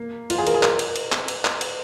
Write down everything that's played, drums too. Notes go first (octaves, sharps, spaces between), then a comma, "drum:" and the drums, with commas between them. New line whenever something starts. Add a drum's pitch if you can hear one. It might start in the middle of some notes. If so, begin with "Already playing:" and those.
Already playing: A#3
F4, drum: cymbal
G#4
A#4, drum: cymbal
G#4
A#4, drum: clap
drum: cymbal
drum: cymbal
drum: clap
drum: cymbal
drum: clap
drum: cymbal